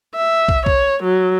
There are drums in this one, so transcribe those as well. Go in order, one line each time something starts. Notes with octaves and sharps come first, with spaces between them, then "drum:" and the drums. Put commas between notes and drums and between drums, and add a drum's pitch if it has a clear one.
E5
drum: kick
C#5, drum: kick
F#3